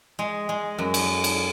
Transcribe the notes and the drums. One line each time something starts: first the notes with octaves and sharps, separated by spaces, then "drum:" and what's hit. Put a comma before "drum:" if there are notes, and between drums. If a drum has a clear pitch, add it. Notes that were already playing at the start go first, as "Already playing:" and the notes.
G#3
G#3
F#2
drum: cymbal
drum: cymbal